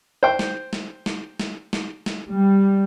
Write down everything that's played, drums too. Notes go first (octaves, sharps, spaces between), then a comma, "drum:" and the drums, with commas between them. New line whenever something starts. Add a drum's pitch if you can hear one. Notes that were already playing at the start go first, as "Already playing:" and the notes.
C5 G5
drum: snare
drum: snare
drum: snare
drum: snare
drum: snare
drum: snare
G3